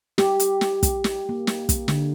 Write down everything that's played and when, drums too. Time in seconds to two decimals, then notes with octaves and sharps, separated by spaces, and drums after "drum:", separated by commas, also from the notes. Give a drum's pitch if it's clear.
0.18 G4, drum: snare
0.40 drum: hi-hat
0.61 drum: snare
0.83 drum: kick, hi-hat
1.04 drum: snare
1.29 A#3
1.47 drum: snare
1.69 drum: kick, hi-hat
1.88 D3, drum: snare